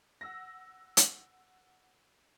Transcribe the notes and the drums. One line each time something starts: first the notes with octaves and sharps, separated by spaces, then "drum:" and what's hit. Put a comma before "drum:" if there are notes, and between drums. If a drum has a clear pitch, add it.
F#5 E6 A#6
drum: hi-hat